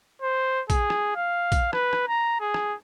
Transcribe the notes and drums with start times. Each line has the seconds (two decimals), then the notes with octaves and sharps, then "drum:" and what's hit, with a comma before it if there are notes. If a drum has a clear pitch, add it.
0.22 C5
0.70 G#4, drum: kick A#1, hi-hat
0.90 drum: rim click
1.16 F5
1.52 drum: kick A#1, hi-hat
1.73 B4, drum: rim click
1.93 drum: rim click
2.08 A#5
2.41 G#4
2.54 drum: rim click